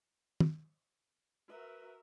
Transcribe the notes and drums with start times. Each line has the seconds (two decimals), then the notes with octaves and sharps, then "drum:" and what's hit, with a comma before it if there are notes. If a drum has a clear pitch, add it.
0.40 drum: tom
1.49 F#4 A#4 B4 E5